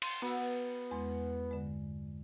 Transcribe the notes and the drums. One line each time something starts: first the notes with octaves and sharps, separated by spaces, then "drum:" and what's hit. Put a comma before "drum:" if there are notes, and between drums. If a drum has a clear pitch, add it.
C6, drum: cymbal
B3 F#4 E6
E2 G#3 C6
G2 D3 G#3